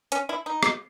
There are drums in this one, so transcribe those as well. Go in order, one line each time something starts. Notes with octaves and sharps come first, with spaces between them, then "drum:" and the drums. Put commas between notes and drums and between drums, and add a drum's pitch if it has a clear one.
C#4, drum: hi-hat
E4
D#4
drum: rim click